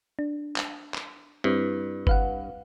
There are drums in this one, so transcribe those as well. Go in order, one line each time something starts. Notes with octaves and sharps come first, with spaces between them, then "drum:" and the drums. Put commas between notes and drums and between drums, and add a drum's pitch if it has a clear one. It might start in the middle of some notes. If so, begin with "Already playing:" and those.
D4
drum: clap
drum: clap
G2 G3 C4 E4
B4 F5 F#5, drum: kick G1